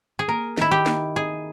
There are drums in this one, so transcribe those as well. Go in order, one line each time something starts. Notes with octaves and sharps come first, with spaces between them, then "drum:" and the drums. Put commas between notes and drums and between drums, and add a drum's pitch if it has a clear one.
G#4
A#3 A#4
D#3 E4, drum: snare
G4
D#4, drum: snare
D#4 G#4